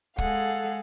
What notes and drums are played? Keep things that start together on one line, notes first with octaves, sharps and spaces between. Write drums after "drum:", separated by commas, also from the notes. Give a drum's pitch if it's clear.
G#3 G#4 A4 F5 F#5, drum: kick